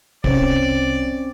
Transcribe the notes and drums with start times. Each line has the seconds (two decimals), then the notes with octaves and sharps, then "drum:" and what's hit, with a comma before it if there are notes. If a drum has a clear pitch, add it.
0.24 C2 C4 C#4 D5, drum: kick